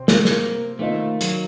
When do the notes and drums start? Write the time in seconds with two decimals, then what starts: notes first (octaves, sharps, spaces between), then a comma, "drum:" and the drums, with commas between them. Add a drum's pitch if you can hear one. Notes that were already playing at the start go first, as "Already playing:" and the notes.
Already playing: C3 C4
0.08 A#3, drum: snare
0.25 A#3, drum: snare
0.79 D#3 A3 A#3 F4 C5 D#5
1.21 F#3, drum: hi-hat